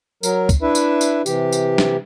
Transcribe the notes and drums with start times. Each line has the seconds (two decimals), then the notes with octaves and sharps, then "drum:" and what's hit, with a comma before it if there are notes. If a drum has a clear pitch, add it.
0.23 F#3 A#4, drum: tambourine
0.49 drum: kick, tambourine
0.62 D4 E4 B4 E5
0.75 drum: tambourine
1.01 drum: tambourine
1.26 C3 E3 G4, drum: tambourine
1.52 drum: tambourine
1.78 drum: snare